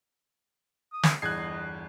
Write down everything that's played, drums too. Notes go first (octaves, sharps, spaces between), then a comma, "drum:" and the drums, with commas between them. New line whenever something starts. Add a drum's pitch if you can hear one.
D#6
drum: snare
G1 E2 D#5 F#6 G#6 C7